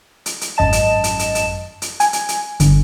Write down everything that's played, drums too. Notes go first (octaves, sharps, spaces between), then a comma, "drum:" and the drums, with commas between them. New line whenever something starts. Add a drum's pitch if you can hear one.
drum: hi-hat
drum: hi-hat
G#1 F#2 D#5 A5 E7
drum: hi-hat
drum: hi-hat
drum: hi-hat
drum: hi-hat
drum: hi-hat
G#5, drum: hi-hat
drum: hi-hat
drum: hi-hat
G1 D3, drum: hi-hat